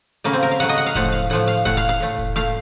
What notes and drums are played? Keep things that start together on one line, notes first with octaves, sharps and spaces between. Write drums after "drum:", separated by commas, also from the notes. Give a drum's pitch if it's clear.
C#3 F#3 A3 A#3
C4
A#4, drum: hi-hat
F5
C#3 F#3 A3 F#5
D#5
F#5
F5
A2 F3 A3 F#5, drum: kick E1, hi-hat
F5, drum: hi-hat
A2 F3 A3 F#5, drum: hi-hat
F5
A2 A3 F#5, drum: kick E1
F5
F5
A2 A3
drum: kick E1, hi-hat
A#2 A3 F5, drum: hi-hat